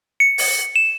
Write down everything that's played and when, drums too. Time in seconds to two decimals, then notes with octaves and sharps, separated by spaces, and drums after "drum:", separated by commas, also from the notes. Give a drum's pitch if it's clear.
0.20 C#7
0.38 drum: open hi-hat
0.76 E7